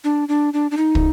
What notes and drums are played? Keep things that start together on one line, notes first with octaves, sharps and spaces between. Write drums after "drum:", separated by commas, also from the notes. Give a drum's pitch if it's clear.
D4
D4
D4
D4
D#4
drum: kick